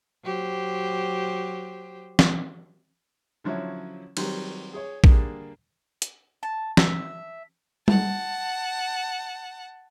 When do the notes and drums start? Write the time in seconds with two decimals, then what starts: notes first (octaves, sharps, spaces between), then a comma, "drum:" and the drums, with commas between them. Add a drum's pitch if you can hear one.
0.24 F#3 G4 C5
2.19 drum: snare
3.44 D3 F3 F#3 C#4 E4
4.17 D#3 F#3 G3 C4, drum: cymbal
4.73 G#4 C#5
5.04 D3 G3 A#3 D4 G#4, drum: kick
6.02 drum: hi-hat
6.43 A5
6.77 E5, drum: snare
7.88 F#5 A5, drum: tom G3